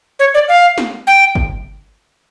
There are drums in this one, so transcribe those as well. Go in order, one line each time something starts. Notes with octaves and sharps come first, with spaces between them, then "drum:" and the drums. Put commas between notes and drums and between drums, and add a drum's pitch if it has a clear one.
C#5
D5
F5
drum: snare
G5
drum: kick